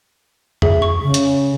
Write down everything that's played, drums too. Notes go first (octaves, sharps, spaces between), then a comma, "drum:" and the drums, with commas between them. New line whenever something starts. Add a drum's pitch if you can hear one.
G#4 E5, drum: tom F2
C#6
C#3
drum: hi-hat